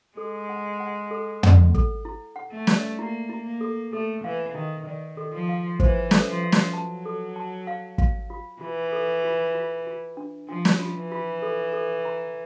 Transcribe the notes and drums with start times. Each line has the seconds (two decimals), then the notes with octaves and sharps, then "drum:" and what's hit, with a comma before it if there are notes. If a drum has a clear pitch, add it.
0.17 G#3 A4
0.49 F#5
0.80 F#5
1.11 A4
1.43 F#5, drum: tom
1.74 A4, drum: kick
2.05 E4
2.36 F#5
2.51 A3
2.67 D5, drum: snare
2.99 A#3 E4
3.30 E4
3.45 A#3
3.61 A4
3.92 A3 A4
4.24 E3 F5
4.54 D#3 E4
4.86 D#3 D5
5.17 A4
5.34 F3
5.49 F5
5.80 E3 C5, drum: kick
6.11 A4, drum: snare
6.27 F3
6.43 E5
6.52 drum: snare
6.74 F#3 A5
7.05 A4
7.36 A5
7.67 F5
7.98 F5, drum: kick
8.30 F4
8.61 E3 F4
8.92 A4
9.24 F4
9.55 F4
9.87 F4
10.17 D4
10.49 F3 D4
10.65 drum: snare
10.79 F4
10.96 E3
11.12 F4
11.42 A4
11.73 A4
12.05 A#5